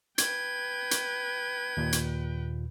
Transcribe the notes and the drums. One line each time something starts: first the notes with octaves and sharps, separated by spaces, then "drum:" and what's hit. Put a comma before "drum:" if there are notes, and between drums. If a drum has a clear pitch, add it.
B4 G5 G#6, drum: hi-hat
drum: hi-hat
D#2 A#2
drum: hi-hat